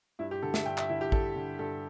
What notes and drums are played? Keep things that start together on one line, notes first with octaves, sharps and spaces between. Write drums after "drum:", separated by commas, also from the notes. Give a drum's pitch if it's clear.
G2 E4
G4
D3 A4
E5, drum: snare
G2 G5
E5, drum: clap
D3 E4
G4
G2 A4, drum: kick A1
D3
G2 A4